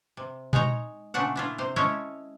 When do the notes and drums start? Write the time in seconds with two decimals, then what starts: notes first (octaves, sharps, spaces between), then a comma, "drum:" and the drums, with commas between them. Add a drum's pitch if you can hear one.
0.17 C3
0.53 G#3 D#4 C#5 A#5, drum: tom A#2
1.14 A#2 C#3 A3 D4 F#5
1.36 D4 E4 F4
1.58 C3 C5
1.76 G#3 C#4 E4 A4 C#5